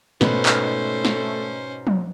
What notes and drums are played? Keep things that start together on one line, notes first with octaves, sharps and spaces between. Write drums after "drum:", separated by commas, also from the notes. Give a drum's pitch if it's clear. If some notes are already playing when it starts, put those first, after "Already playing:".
G#2 B2 A3 C#4 D#4 B4 C5, drum: snare
drum: clap
drum: snare
drum: tom F3